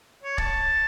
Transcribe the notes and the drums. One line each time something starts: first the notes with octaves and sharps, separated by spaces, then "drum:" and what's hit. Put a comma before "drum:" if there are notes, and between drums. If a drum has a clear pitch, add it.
C#5
A5, drum: kick